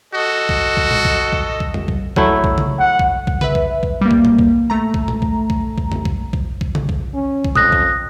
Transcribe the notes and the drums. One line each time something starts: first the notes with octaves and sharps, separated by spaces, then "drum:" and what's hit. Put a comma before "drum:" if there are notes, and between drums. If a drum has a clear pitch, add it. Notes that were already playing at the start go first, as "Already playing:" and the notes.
F#4 A4 D#5
drum: kick B1
drum: kick B1
drum: tom A#2
drum: kick B1
drum: kick B1
drum: kick B1
drum: tom
drum: kick B1
F#3 A3 E4, drum: kick B1
drum: kick B1
drum: tom C#3
F#5
drum: kick B1
drum: kick B1
B4 E5, drum: tom C#3
drum: kick B1
drum: kick B1
G3 A#3
drum: kick B1
drum: tom A#2
drum: kick B1
A3 A#5
drum: kick B1
drum: tom A#2
drum: kick B1
drum: kick B1
drum: kick B1
drum: tom
drum: kick B1
drum: kick B1
drum: kick B1
drum: tom C#3
drum: kick B1
C#4
drum: kick B1
F2 D#6 F#6 A#6, drum: tom A#2
drum: kick B1